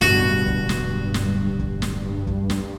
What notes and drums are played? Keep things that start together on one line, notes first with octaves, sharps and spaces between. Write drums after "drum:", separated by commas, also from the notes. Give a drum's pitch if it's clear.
D1 G2 B2 F#4, drum: snare
drum: kick
drum: snare
drum: snare
drum: kick
drum: snare
drum: kick
drum: snare